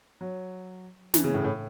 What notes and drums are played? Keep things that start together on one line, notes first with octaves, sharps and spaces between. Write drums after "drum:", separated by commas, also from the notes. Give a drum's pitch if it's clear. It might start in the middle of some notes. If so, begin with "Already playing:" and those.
F#3
E3, drum: snare
C#3
A2
A2